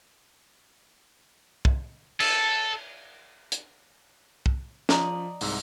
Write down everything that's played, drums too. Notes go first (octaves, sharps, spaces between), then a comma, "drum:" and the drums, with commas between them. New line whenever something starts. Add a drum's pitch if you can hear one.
drum: kick
A4, drum: cymbal
drum: hi-hat
drum: kick
F3 D5 D#5 A#5, drum: snare
C2 G#2 E6, drum: open hi-hat